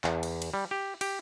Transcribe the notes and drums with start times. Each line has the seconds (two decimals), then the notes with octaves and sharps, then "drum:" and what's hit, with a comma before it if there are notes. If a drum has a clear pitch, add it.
0.04 E2, drum: clap
0.23 drum: cymbal
0.42 drum: cymbal
0.54 G3
0.71 G4
1.01 G4, drum: cymbal